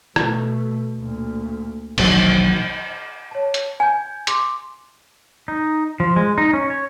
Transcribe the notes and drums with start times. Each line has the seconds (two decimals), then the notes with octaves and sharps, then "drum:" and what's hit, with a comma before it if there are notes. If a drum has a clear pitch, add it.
0.16 B2 A3, drum: rim click
0.97 D2 A#2
1.98 E1 A#1 D#3 F3 F#3, drum: cymbal
3.31 C#5 A5
3.54 drum: hi-hat
3.80 G#5 G6 G#6
4.27 C6 D6, drum: hi-hat
5.48 D#4
6.00 F3
6.16 G#3
6.38 D#4
6.53 C#4
6.70 C#5